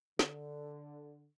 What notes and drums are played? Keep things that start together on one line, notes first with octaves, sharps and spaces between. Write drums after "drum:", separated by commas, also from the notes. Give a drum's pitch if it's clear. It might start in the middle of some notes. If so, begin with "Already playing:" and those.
D3, drum: snare